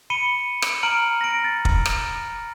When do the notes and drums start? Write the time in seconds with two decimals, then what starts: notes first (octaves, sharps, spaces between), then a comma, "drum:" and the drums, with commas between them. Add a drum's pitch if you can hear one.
0.10 B5 C#7 D#7 G7
0.62 drum: rim click
0.83 A#5 F6 D7 D#7 F#7
1.21 A#6 D7
1.44 A6
1.65 drum: kick
1.86 drum: rim click